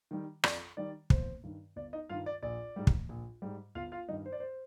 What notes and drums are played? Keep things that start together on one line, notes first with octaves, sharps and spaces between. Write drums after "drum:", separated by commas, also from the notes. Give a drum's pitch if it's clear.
D#3 G3
F2 D5, drum: rim click
D#3 G3 D5
G1 C5, drum: kick
G2 D#3
G1 D5
D#4 D#5
G2 D#3 F4 F5
D5
A#1 D5
G#2 G3
drum: kick
A#1
G#2 G3
G1 F4 F5
F4 F5
G2 D#3 G3 D#4 D#5
C5
D5
C5